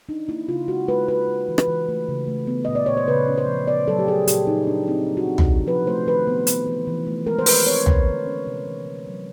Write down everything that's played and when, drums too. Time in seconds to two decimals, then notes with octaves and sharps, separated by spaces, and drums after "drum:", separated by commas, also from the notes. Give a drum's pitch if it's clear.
0.09 D4 D#4
0.28 A#3 E4
0.49 C#3 F4
0.68 G#3 F#4
0.88 G#3 B4
1.08 G#3 B4
1.28 G#3
1.48 E3
1.58 B4, drum: rim click
1.68 E3
1.89 A3
2.09 C#3
2.28 A3
2.47 B3
2.65 A#2 D#5
2.75 D5
2.86 A#2 C#5
2.97 C5
3.08 C#3 B4
3.28 C#4
3.38 C5
3.48 F3
3.68 B3 D5
3.88 F#3 A4
3.99 G4
4.07 B3 G#4
4.27 A#2 G4, drum: hi-hat
4.47 A#2 D#4
4.67 A#2 D4
4.87 C4 D#4
5.07 F3
5.17 F#4
5.27 C4
5.38 drum: tom
5.48 C3
5.67 F3 B4
5.87 A3 C5
6.07 D#3 B4
6.27 B3
6.47 B3, drum: hi-hat
6.67 E3
6.87 E3
7.07 A3
7.26 G#3 A#4
7.39 C5
7.46 G#3 B4, drum: open hi-hat
7.67 C4 C#5
7.86 D3, drum: tom
8.07 D3
8.27 C#4
8.46 C3
8.66 E3
8.86 E3
9.07 F#3